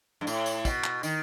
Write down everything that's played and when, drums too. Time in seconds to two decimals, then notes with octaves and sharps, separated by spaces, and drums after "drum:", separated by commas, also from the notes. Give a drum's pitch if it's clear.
0.21 G2
0.27 A2, drum: tambourine
0.46 drum: tambourine
0.65 B2, drum: kick, tambourine
0.84 drum: clap
1.03 D#3, drum: tambourine